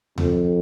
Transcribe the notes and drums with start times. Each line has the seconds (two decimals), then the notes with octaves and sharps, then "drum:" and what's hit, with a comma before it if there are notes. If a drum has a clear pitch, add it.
0.18 F2, drum: tom D#2